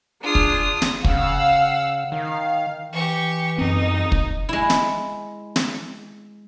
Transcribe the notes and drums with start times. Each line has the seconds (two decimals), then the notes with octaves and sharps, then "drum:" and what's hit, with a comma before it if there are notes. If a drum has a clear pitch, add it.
0.23 D4 F4 G#4 D#6
0.35 drum: kick
0.82 drum: snare
1.04 C#3 F5 F#5 E6, drum: kick
2.12 D#3 F5
2.92 E3 G4 C#6
3.58 F#2 C4 D#4
4.12 drum: kick
4.49 G#3 E4
4.70 drum: snare
5.56 drum: snare